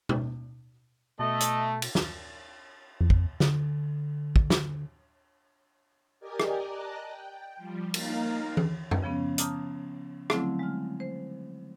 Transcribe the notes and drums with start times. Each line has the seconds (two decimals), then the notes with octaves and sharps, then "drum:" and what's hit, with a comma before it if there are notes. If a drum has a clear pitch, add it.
0.09 drum: tom
1.19 B2 A3 D#5 A5
1.40 drum: hi-hat
1.82 drum: cymbal
1.95 drum: snare
3.01 F2
3.10 drum: kick
3.40 D3, drum: snare
4.36 drum: kick
4.50 drum: snare
6.20 G4 A#4 D5 D#5 G#5
6.40 drum: rim click
6.66 D5 D#5 A5 A#5 F#6
7.04 G5
7.57 F3 G3
7.94 A#3 D#4 A#4 F5, drum: cymbal
8.57 drum: tom E3
8.91 drum: tom F#2
9.02 C#3 F3 B3 C#4
9.38 A5 A#5 D6 D#6 F6 G6, drum: hi-hat
10.30 D3 F3 F#3 A3 C4 E4, drum: rim click
10.59 G#3 F6
11.00 C5